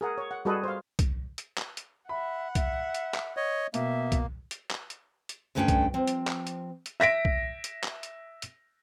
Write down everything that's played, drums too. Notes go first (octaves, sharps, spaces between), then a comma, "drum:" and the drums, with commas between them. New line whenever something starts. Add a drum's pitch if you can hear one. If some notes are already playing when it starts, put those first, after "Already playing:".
G#4 A#4 F#5
C#5
F#5
G3 F#4 G#4 A4 B4 D#5
C5 F5
drum: kick B1, hi-hat
drum: hi-hat
drum: clap
drum: hi-hat
E5 F#5 B5
E5, drum: kick B1, hi-hat
drum: hi-hat
drum: clap
C#5 D#5
B2 A#3 E5, drum: hi-hat
drum: kick B1, hi-hat
drum: hi-hat
drum: clap
drum: hi-hat
drum: hi-hat
D2 G2 A3 C#4 D4 G5
drum: kick B1, hi-hat
F3 C4
drum: hi-hat
drum: clap
drum: hi-hat
drum: hi-hat
E5 A#6 B6 D7
drum: kick B1
drum: hi-hat
drum: clap
drum: hi-hat
drum: hi-hat